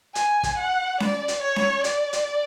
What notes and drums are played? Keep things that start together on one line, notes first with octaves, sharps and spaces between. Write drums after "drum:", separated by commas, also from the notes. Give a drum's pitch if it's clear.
G#5, drum: hi-hat
drum: kick, hi-hat
F#5
D5, drum: snare C#4
drum: hi-hat
C#5
drum: snare C#4
D5, drum: hi-hat
drum: hi-hat